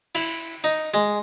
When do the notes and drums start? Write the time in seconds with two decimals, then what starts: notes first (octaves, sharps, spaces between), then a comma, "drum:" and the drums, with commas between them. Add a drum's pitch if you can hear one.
0.15 E4, drum: cymbal
0.64 D#4, drum: tambourine
0.94 G#3